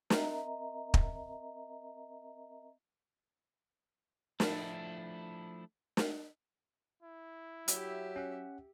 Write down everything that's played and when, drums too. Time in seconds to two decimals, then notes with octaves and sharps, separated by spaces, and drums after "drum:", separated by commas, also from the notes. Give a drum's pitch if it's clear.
0.10 C4 A#4 D#5 E5 A#5, drum: snare
0.94 drum: kick
4.40 F3 A3 D4 E4, drum: snare
5.97 drum: snare
7.03 E4
7.68 F#3 G4 E5, drum: hi-hat
8.16 C#4 F#5